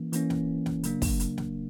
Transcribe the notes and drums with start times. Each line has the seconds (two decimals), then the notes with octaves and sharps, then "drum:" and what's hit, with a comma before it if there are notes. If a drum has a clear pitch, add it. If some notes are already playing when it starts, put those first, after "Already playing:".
Already playing: E3 A#3 C#4
0.13 E3 A#3 C#4, drum: hi-hat
0.30 drum: snare
0.66 drum: snare
0.83 C#3 F#3 A#3 D4, drum: hi-hat
1.02 drum: kick, open hi-hat
1.20 drum: hi-hat
1.38 drum: snare